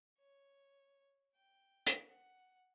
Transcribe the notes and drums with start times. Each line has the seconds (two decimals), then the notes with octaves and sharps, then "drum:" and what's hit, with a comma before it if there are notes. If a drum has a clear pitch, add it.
0.19 C#5
1.35 G5
1.87 drum: hi-hat
2.08 F#5